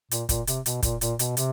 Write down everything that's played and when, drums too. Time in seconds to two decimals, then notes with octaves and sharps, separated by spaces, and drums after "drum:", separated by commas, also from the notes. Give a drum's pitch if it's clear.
0.11 A#2, drum: hi-hat
0.29 A#2, drum: kick, hi-hat
0.47 C3, drum: hi-hat
0.66 B2, drum: hi-hat
0.83 A#2, drum: kick, hi-hat
1.01 A#2, drum: hi-hat
1.19 B2, drum: hi-hat
1.37 C3, drum: hi-hat